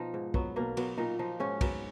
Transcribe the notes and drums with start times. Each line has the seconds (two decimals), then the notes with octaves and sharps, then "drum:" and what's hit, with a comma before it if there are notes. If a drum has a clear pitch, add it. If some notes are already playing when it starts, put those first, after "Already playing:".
Already playing: B2 F3 D#4
0.14 G#2
0.34 F#3 B3, drum: kick
0.56 B2 A#3
0.77 F#3 B3, drum: cymbal
0.97 A#2 D#4
1.19 F3 D#4
1.40 G#2 C#4
1.61 F#3 B3, drum: kick, cymbal